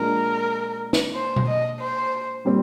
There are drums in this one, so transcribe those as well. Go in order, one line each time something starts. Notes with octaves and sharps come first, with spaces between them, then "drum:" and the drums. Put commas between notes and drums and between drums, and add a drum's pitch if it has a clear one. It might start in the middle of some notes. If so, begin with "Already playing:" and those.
Already playing: A#2 F3 G#3 D4 A#4
drum: snare
C5
drum: tom B2
D#5
C5
A#2 G3 C4